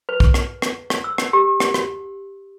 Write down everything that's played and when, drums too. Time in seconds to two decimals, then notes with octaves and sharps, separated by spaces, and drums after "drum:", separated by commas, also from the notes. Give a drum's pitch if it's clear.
0.09 B4
0.20 drum: kick
0.34 drum: rim click
0.62 drum: rim click
0.90 drum: rim click
1.04 E6
1.18 drum: rim click
1.33 G4
1.60 drum: rim click
1.74 drum: rim click